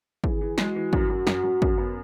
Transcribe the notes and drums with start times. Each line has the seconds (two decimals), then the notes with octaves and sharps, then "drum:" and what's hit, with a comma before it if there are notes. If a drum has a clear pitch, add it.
0.24 E3 G#4, drum: kick
0.41 E3
0.58 G#3 F#4, drum: snare
0.76 E3
0.93 F#2, drum: kick
1.09 F#2
1.27 F#2, drum: snare
1.44 F#2
1.62 F#2, drum: kick
1.78 B3